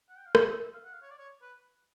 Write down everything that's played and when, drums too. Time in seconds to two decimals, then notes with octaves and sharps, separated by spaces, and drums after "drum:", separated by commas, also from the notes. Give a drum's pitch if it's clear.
0.09 F#5
0.18 G5
0.25 F5
0.35 E5, drum: rim click
0.43 D#5
0.51 E5
0.62 E5
0.73 F5
0.84 F#5
0.93 F5
1.02 C#5
1.10 D5
1.18 C#5
1.42 B4